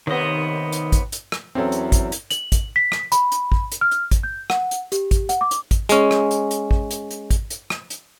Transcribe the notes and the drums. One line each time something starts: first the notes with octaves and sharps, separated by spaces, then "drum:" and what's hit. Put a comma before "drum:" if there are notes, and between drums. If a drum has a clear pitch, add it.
D#2 C3 D#3 B3 D#5
drum: hi-hat
drum: kick, hi-hat
drum: hi-hat
drum: rim click
E2 F#3 C4 C#4 A4
drum: hi-hat
drum: kick, hi-hat
drum: hi-hat
F#7, drum: hi-hat
drum: kick, hi-hat
B6
drum: rim click
B5, drum: hi-hat
drum: hi-hat
drum: kick
drum: hi-hat
F6
drum: hi-hat
drum: kick, hi-hat
G6
F#5, drum: rim click
drum: hi-hat
G4, drum: hi-hat
drum: kick, hi-hat
F#5, drum: hi-hat
D6
drum: hi-hat
drum: kick, hi-hat
G#3 C#4, drum: hi-hat
drum: rim click
drum: hi-hat
drum: hi-hat
drum: kick
drum: hi-hat
drum: hi-hat
drum: kick, hi-hat
drum: hi-hat
drum: rim click
drum: hi-hat